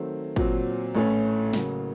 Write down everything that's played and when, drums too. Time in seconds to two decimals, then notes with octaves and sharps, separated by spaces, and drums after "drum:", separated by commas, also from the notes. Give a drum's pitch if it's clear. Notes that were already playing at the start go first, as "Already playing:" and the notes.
Already playing: D#3 F#3 A3 C4
0.36 A#2 F#3 C4, drum: kick
0.95 A1 A2 A3 C#4 A4
1.53 C#3 F#3 A#3, drum: snare